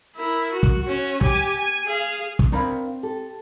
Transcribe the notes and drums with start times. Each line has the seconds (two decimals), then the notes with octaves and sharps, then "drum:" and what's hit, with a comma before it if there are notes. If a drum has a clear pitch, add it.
0.17 E4 A#4
0.52 F#4
0.63 drum: kick
0.82 C#4 F#4
1.21 G4 G#5, drum: kick
1.57 G#5
1.86 G#4 F5
2.39 drum: kick
2.52 C4 D4 A#4 F5 A#5 B5
3.03 G4 A4